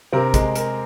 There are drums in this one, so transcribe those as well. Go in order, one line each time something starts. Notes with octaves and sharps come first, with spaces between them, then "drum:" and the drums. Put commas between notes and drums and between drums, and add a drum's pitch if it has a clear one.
C3 C4 A#4
G#3, drum: kick, hi-hat
A#4, drum: hi-hat